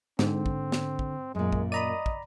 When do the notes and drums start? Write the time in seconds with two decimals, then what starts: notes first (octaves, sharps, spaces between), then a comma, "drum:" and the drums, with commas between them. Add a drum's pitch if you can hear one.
0.19 G#2 D3 C4, drum: snare
0.46 drum: kick
0.72 drum: snare
0.99 drum: kick
1.35 F#2 A#2 G#3
1.52 drum: kick
1.72 D5 D#5 A#5 B5 D#7
2.06 drum: kick